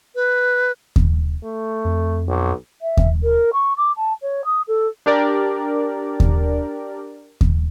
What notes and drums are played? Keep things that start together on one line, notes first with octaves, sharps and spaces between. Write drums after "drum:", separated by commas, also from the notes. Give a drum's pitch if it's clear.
B4
drum: kick D#2
A3
F2
B1
E5
drum: kick D#2
A#4
C#6
D6
A5
C#5
D#6
A4
D4 G4 A#4 D5
drum: kick D#2
drum: kick D#2